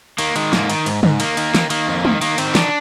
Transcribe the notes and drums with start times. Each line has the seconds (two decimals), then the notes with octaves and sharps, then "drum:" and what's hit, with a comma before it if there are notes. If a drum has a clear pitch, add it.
0.18 D#3 A#3, drum: cymbal
0.36 D#3 G#3, drum: cymbal
0.53 G#2 A#3, drum: snare
0.70 D#3, drum: cymbal
0.86 G#2, drum: cymbal
1.03 G#2, drum: tom
1.20 D#3 A#3, drum: cymbal
1.37 D#3, drum: cymbal
1.55 D#3, drum: snare
1.70 D#3 A#3, drum: cymbal
1.88 F2
2.05 D#3, drum: tom
2.22 D#3 A#3, drum: cymbal
2.38 D#3 C4, drum: cymbal
2.55 D#3 D4, drum: snare